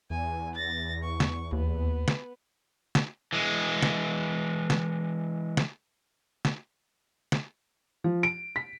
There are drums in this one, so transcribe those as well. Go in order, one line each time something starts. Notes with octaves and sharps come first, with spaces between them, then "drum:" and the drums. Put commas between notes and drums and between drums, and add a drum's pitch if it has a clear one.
E2 G#5
A6 A#6
C#6
drum: snare
D#2 B3
drum: snare
drum: snare
E3 G#3
drum: snare
drum: snare
drum: snare
drum: snare
drum: snare
F3
D7
B6